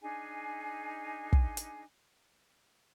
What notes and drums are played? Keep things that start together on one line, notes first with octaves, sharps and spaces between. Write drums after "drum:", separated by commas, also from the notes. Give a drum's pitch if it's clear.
D4 D#4 G#4 G#5
drum: kick
drum: hi-hat